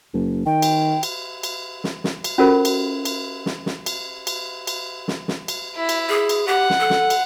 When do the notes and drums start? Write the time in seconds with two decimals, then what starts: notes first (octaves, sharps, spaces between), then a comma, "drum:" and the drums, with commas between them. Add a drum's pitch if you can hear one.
0.14 F#1
0.46 D#3 G5
0.62 drum: cymbal
1.03 drum: cymbal
1.43 drum: cymbal
1.84 drum: snare
2.04 drum: snare
2.24 drum: cymbal
2.38 C#4 F4 F#4 A4 A#4 C5
2.65 drum: cymbal
3.05 drum: cymbal
3.46 drum: snare
3.66 drum: snare
3.86 drum: cymbal
4.27 drum: cymbal
4.67 drum: cymbal
5.08 drum: snare
5.28 drum: snare
5.48 drum: cymbal
5.76 E4
5.89 drum: cymbal
6.09 G#4
6.29 drum: cymbal
6.48 G4 F#5
6.70 drum: snare
6.80 A4
6.90 drum: snare
7.10 drum: cymbal